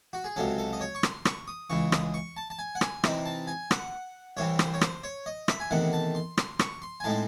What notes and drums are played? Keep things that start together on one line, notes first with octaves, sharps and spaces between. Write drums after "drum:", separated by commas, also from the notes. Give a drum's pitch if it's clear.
F#4
G#4
C#2 C3 F#3 C#4 A4
A4
D#5
C#5
C#6
C6, drum: rim click
C#6, drum: rim click
D#6
C#2 C#3 E3 C#6
D#6, drum: rim click
C#6
A5
A5
G#5
F#5
G#5, drum: rim click
C3 E3 C4 D#4, drum: rim click
A5
G#5
F#5, drum: rim click
C2 C3 E3 C4 C#5
C5, drum: rim click
C#5
C5, drum: rim click
C#5
D#5
E5, drum: rim click
G#5
E2 C3 D#3 A3 F#5
A5
C6
C6, drum: rim click
C#6, drum: rim click
C6
G#5
A2 G#3 C4 D#4 A5